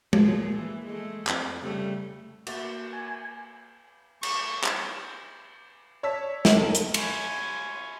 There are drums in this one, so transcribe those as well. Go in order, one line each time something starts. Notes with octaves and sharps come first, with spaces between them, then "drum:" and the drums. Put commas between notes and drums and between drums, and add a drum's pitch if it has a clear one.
A#2 F3 G#4, drum: tom G#3
E3
G#3 A3
F2, drum: clap
C#3 G3 A3
A#3 F#4 E5 A6, drum: cymbal
G#5
C#6, drum: cymbal
drum: clap
C#5 D5 A5 E6 B6
drum: snare
D#4 A4 A#4
drum: hi-hat
G#5 C#6, drum: cymbal